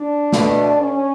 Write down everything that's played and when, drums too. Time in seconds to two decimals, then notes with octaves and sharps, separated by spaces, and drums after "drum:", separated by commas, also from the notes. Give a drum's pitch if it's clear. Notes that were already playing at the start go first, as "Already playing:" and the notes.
Already playing: D4
0.32 B2 A3, drum: snare
0.81 C#4